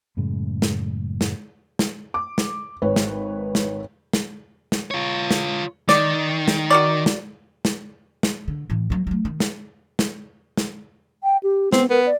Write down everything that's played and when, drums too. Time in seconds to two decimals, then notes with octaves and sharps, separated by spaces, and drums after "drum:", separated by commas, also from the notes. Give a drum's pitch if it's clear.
0.17 F#2 A2 C#3 G#3
0.62 drum: snare
1.21 drum: snare
1.79 drum: snare
2.14 D6
2.38 drum: snare
2.82 G#1 B4 C#5
2.96 drum: snare
3.55 drum: snare
4.13 drum: snare
4.72 drum: snare
4.91 F4 C#5
5.31 drum: snare
5.89 D#3 D5, drum: snare
6.48 drum: snare
6.70 F#4 A#4 D5
7.06 drum: snare
7.65 drum: snare
8.23 drum: snare
8.48 D3
8.70 A2 E3
8.90 F#3 A#3
9.07 F#3 A3
9.25 D#3
9.40 drum: snare
9.99 drum: snare
10.57 drum: snare
11.23 G5
11.43 G4
11.72 B3 C4, drum: snare
11.90 B3 A#4
12.06 D5